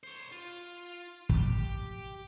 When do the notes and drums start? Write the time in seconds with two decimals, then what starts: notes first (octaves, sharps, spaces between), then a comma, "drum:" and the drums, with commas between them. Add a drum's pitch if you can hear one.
0.03 C5 C#5
0.32 F4
1.29 G4, drum: kick